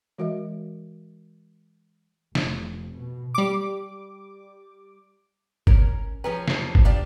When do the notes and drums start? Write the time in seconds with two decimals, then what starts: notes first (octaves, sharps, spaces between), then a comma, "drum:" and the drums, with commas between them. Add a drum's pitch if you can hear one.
0.18 E3 G#3 F#4 A#4 D#5 E5
2.35 F1, drum: snare
2.95 B2
3.35 G3 D6
5.67 C#4 A#4, drum: kick G1
6.24 F3 C#4 G#4 B4 G5 A#5
6.48 F1 A5 C7, drum: snare
6.75 drum: kick G1
6.85 D4 F4 G4 D5